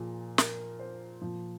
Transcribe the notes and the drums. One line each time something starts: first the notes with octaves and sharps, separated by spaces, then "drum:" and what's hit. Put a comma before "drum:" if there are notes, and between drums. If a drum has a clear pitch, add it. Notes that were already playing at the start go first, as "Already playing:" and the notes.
Already playing: A#2 F3 G#4
A#4, drum: snare
C5
A#2 F3